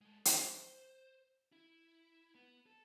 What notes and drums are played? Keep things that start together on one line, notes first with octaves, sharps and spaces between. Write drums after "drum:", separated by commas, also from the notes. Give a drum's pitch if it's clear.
G#3 A4
C5, drum: hi-hat
E4
B3
A4